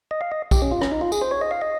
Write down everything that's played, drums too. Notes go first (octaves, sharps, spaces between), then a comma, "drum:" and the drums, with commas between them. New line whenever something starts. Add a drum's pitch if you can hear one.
D#5
F5
D#5
G4, drum: kick, tambourine
C#4
F4
C#4, drum: rim click
D#4
F4
G#4, drum: tambourine
C5
C#5
D#5
F5
D#5